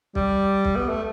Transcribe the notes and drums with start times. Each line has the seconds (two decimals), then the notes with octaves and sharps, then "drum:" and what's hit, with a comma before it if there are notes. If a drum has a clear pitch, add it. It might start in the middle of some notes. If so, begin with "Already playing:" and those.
0.15 G3, drum: kick
0.65 drum: kick
0.76 B3
0.89 A3